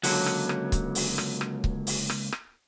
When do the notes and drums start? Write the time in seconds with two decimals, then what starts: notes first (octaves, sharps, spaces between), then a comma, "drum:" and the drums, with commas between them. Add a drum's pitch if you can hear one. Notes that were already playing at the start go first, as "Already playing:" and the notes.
0.03 C#2 D3 F#3 A#3, drum: open hi-hat
0.26 drum: rim click
0.49 drum: rim click
0.72 drum: kick C#1, hi-hat
0.95 drum: open hi-hat
1.18 drum: rim click
1.41 drum: rim click
1.64 drum: kick C#1
1.87 drum: open hi-hat
2.10 drum: rim click
2.32 drum: rim click